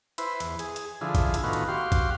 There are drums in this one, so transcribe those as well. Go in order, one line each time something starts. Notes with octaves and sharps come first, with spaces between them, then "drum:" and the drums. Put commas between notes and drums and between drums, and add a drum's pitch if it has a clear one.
E4 B4 C5, drum: hi-hat
E2, drum: hi-hat
G#4, drum: hi-hat
drum: hi-hat
D3 F3 E4 G#4
drum: kick, hi-hat
drum: hi-hat
A2 D#3 B3 F4 F#4
drum: hi-hat
F#4 G4 F5 C6
drum: kick, hi-hat